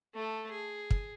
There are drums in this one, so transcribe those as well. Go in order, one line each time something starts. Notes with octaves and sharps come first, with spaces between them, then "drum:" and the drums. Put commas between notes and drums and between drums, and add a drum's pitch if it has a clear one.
A3 A4
G#4
drum: kick